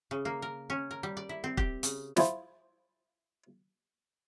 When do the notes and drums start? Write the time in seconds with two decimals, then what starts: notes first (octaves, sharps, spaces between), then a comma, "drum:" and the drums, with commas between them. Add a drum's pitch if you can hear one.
0.11 C#3
0.25 A#3
0.42 A#4
0.70 C#4
0.91 A#4
1.03 G3
1.17 D5
1.29 E4
1.44 C4
1.57 G4, drum: kick
1.83 C#3, drum: hi-hat
2.17 F3 E4 G#4 C5, drum: snare